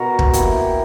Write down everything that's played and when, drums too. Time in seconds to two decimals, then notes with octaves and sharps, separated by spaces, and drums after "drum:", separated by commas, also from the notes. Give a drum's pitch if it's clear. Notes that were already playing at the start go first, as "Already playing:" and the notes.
Already playing: B2 F#4 A#4
0.19 drum: kick
0.33 A#3 E4 G4, drum: hi-hat